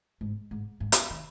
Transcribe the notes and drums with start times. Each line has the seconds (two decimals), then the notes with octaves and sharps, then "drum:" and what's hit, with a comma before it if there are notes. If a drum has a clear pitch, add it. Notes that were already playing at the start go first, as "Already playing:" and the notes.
0.21 G#2
0.51 G#2
0.80 G#2
0.92 drum: hi-hat
1.10 D#3